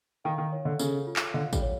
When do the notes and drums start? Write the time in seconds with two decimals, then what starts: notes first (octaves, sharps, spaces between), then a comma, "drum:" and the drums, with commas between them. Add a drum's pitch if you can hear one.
0.24 D#3 F5
0.38 D#3
0.52 C#5
0.65 D3
0.79 C#3 A4, drum: tambourine
1.07 F4
1.16 drum: clap
1.34 D3 F5
1.53 G3, drum: kick A1, tambourine
1.62 C#5